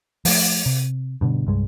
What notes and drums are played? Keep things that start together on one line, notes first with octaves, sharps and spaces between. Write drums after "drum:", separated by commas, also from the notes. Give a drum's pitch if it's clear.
F3 A3, drum: open hi-hat
C3
G2 B2 D3
C2 G2 G#3